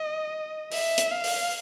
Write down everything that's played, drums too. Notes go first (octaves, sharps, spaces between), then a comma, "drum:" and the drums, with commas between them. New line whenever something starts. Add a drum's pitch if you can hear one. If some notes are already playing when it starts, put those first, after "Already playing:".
Already playing: D#5
E5, drum: open hi-hat
drum: hi-hat
F5
drum: open hi-hat